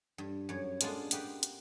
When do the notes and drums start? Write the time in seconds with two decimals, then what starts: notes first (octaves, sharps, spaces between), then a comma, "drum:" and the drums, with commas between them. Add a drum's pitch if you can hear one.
0.18 G2
0.49 F#2 C#5
0.81 G#3 A#3 B3 D4 F4, drum: hi-hat
1.11 A#3 B3 G4 B4, drum: hi-hat
1.43 drum: hi-hat